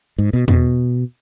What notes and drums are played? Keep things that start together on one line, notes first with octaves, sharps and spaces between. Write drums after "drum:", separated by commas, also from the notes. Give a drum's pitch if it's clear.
G#2
B2
B2, drum: tom E2